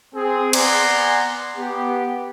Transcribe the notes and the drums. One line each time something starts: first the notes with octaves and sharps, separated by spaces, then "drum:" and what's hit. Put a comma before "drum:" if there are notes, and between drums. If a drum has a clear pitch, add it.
C4 G#4
B3 D5 F#5 G#5 A#5 C6, drum: cymbal
B3 G4